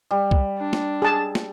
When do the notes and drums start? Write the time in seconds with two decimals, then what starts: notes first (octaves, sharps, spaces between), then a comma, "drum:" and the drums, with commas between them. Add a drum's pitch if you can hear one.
0.11 G3
0.31 drum: kick C2
0.58 D4
0.73 drum: snare
1.02 G#4 A5
1.35 drum: snare